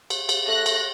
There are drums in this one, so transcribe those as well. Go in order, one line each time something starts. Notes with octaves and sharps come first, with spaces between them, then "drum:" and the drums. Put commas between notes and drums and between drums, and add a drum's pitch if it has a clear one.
drum: cymbal
drum: cymbal
A3 F#6 A#6
drum: cymbal